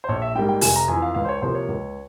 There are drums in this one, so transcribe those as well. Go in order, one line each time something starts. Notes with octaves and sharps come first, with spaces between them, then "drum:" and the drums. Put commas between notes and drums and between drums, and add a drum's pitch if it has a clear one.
C5
A#1 C#5
E5
G#2 G3 A#3 G5
G5
F1 G#5, drum: open hi-hat
A#5
F2 E3 G#5
F5
C#2 F5
C5
C#5
C3 F3 A#3 C5
C#5
C#2